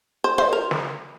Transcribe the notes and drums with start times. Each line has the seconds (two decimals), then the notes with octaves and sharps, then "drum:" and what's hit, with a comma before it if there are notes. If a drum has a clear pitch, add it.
0.24 C5
0.38 C5, drum: tom
0.53 A#4
0.71 drum: snare